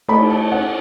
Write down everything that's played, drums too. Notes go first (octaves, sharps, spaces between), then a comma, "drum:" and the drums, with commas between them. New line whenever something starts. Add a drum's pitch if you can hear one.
A3 B5, drum: cymbal
A5
C#4 F#5